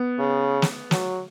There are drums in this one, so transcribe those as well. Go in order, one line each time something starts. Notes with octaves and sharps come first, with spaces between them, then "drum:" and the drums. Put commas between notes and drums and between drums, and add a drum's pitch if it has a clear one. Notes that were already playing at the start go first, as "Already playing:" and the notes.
Already playing: B3
C#3
drum: snare
F#3, drum: snare